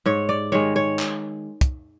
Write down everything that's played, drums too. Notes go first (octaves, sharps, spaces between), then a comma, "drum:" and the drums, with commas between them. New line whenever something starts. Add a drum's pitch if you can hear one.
G#2 C#5
D5
D#3 G#3 C#5
C#5
drum: clap
drum: kick, hi-hat